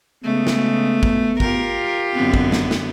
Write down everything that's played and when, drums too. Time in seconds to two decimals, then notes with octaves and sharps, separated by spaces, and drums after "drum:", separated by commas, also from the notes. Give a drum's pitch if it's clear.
0.24 C#3 G#3 A3 B3
0.47 drum: snare
1.03 drum: kick
1.40 F4 G4 A#4, drum: kick
2.15 F#2 D3 B3 C4
2.34 drum: kick
2.52 drum: snare
2.71 drum: snare